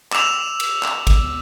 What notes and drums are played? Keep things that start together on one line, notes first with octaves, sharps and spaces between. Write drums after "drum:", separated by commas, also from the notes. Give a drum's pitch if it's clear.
D6 E6 E7 F7, drum: clap
drum: cymbal
drum: clap
drum: kick G#1, cymbal